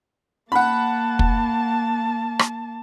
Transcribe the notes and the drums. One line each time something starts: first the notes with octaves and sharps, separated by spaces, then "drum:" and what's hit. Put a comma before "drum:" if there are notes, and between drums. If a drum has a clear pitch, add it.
A#3 F#5 A5 B5
drum: kick
drum: rim click